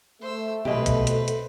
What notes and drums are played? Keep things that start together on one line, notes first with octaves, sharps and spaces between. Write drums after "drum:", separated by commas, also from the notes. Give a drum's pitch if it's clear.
A3 C5 E6
B2 C4 G4 B4 D#5, drum: tom A#2
drum: kick, hi-hat
drum: hi-hat
drum: hi-hat